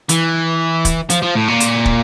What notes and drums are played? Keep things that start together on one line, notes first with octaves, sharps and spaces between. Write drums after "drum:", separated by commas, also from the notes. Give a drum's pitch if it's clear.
E3, drum: hi-hat
drum: kick, hi-hat
F3, drum: hi-hat
F3
A2
A#2
drum: hi-hat
drum: kick